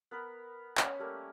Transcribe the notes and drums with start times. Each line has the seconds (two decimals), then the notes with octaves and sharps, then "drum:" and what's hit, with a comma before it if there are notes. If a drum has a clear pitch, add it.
0.11 B3 A#4 B4
0.77 C#4 B4, drum: clap
0.99 G3 A3 A#3